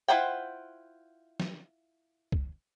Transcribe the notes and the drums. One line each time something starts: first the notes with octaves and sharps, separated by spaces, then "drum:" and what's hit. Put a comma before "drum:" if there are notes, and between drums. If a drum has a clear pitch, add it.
E4 F4 C5 F#5 G5
drum: snare
drum: kick